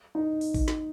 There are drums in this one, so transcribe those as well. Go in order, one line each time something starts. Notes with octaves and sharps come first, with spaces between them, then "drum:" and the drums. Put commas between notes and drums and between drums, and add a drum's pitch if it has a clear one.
D#4
drum: open hi-hat
drum: kick A1, open hi-hat
drum: snare